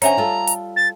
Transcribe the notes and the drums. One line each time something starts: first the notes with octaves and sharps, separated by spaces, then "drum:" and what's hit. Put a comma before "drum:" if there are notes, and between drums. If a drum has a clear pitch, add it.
D3 C4 C#4 C#5 E5 G#5 A#5, drum: hi-hat
G3 F4 A4
drum: hi-hat
A6